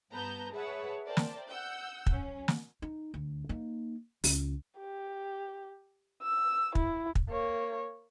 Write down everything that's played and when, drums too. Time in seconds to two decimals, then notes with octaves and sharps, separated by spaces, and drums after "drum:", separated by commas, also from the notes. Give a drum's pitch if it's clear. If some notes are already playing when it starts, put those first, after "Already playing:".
0.12 G2 B3 B4 A5 A#5 G6
0.54 G#4 B4 C#5 E5 F#5 A5
1.07 A#4 C5 D5 E5 G5 A5
1.17 drum: snare
1.49 F#5 E6 G6
2.06 F#3 C#4, drum: kick
2.48 drum: snare
2.82 D#4
3.14 D2
3.49 A#3 D#4
4.24 C#2, drum: open hi-hat
4.79 G4
6.23 E6
6.75 E4, drum: kick
7.15 drum: kick
7.29 A#3 C#5